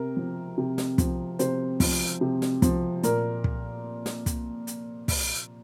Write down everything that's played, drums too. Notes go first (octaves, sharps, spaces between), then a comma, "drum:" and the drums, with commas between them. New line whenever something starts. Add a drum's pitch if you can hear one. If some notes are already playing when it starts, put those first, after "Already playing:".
Already playing: C3 A#4
F3
C3
drum: snare
F3, drum: kick, hi-hat
C3 C5, drum: hi-hat
F3, drum: kick, open hi-hat
C3
drum: snare
F3, drum: kick, hi-hat
A#2 A#4, drum: hi-hat
drum: kick
drum: snare
drum: kick, hi-hat
drum: hi-hat
drum: kick, open hi-hat